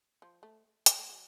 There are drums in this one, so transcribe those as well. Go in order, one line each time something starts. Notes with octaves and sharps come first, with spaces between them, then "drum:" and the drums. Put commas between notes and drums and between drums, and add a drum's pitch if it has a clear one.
F3
A3
F#3, drum: hi-hat
A3
F#3